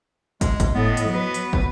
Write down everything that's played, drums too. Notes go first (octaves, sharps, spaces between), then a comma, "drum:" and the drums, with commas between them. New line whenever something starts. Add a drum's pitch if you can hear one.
G#3, drum: kick, hi-hat
drum: kick, hi-hat
A2 B3 D#5
drum: hi-hat
F#3 B4
drum: hi-hat
drum: kick